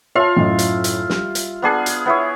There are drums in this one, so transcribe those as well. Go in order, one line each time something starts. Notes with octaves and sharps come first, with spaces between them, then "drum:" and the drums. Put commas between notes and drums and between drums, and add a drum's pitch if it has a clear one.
F4 C#5 E5 F5 A5
F#2 A2 D#5
drum: hi-hat
drum: hi-hat
G3, drum: snare
drum: hi-hat
B3 D4 G#4
drum: hi-hat
B3 E4 C#5